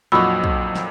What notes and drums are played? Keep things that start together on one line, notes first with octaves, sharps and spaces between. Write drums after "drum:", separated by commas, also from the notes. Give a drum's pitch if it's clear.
F2 A#2 F#3 D#4 F#4 B5 C#6 E6
drum: kick
drum: snare